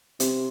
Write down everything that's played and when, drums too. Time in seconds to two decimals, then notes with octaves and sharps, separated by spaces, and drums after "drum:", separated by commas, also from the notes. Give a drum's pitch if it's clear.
0.20 C3, drum: hi-hat